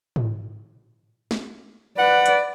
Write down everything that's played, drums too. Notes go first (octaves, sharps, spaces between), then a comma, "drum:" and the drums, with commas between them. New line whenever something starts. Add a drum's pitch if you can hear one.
drum: tom
drum: snare
B4 D5 F#5
drum: hi-hat